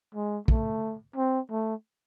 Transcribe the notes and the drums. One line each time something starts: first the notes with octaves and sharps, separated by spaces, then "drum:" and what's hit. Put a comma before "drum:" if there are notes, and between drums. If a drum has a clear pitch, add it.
G#3
A3, drum: kick
C4
A3